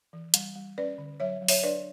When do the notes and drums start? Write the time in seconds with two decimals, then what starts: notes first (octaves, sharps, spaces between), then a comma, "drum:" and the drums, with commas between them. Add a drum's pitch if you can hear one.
0.13 E3
0.34 G3, drum: hi-hat
0.56 G3
0.78 C#4 B4 D5
0.98 D3
1.20 F#3 C#5 E5
1.42 F#3
1.48 C#5 E5, drum: open hi-hat
1.63 D4 B4 D5